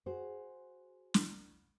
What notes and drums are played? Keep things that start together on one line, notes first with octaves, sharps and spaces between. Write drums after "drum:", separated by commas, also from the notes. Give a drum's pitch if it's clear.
F#4 G#4 C5
drum: snare